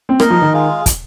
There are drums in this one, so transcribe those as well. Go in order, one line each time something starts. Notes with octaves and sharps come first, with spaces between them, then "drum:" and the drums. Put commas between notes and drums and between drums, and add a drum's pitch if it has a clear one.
C4
A#3 D#4 A#4 D#5, drum: rim click
F3
D#3
G#3 F4 G#4 F5
drum: kick, hi-hat